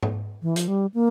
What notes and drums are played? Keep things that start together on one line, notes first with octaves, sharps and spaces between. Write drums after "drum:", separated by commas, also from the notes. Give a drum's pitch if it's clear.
drum: tom G#2
E3
F3, drum: hi-hat
G3
A#3